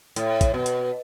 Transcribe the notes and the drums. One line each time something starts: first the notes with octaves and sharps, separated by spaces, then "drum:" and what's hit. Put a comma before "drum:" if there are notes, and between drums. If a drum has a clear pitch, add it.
A2, drum: hi-hat
drum: kick, hi-hat
B2
drum: hi-hat